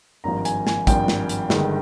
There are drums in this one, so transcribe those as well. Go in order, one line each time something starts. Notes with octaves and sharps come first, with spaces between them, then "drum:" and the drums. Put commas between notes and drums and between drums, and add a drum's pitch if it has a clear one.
G#1 G2 F3 A#5
G#5, drum: hi-hat
G#5, drum: snare
G#1 G2 F3 G5, drum: kick, hi-hat
drum: snare
drum: hi-hat
G1 G2 D#3 G#3, drum: snare